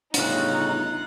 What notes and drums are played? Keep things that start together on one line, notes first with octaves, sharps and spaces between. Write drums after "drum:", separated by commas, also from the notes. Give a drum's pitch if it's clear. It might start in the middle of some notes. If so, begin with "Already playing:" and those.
G1 A2 C#3 D#4 F4 F#5, drum: hi-hat